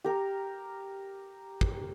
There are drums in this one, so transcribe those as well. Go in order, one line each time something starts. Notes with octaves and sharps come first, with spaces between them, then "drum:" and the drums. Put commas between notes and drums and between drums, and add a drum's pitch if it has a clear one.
G4 A#4
drum: kick